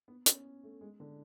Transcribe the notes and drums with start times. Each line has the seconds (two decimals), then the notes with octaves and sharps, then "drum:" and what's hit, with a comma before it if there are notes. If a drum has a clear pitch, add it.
0.08 B3
0.26 C#4, drum: hi-hat
0.63 A3
0.81 G#3
1.00 D3